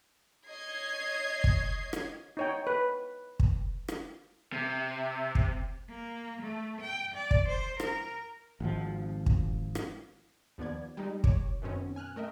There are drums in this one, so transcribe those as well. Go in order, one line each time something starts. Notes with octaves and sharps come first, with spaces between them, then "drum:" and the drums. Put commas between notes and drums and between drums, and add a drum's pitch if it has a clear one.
C#5 D#5 G#6 C7
drum: kick
drum: rim click
D#4 C#5 G5
B4
drum: kick
drum: rim click
C3
drum: kick
A#3
A3
G5
D5
drum: kick
C5
A#4, drum: rim click
G#1 F3
drum: kick
drum: rim click
D#2 F3 B3 D5 G#6
G3 G#3 D#4 G4
C#5 D6, drum: kick
F#2 B2 D#3 C4 C#4
G#5 F6 F#6
A3 A#4 D#5 E5 G5